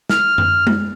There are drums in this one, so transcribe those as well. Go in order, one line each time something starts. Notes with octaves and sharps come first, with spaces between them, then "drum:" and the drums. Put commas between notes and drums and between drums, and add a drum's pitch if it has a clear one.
F6, drum: snare
drum: tom F#2
drum: tom G#3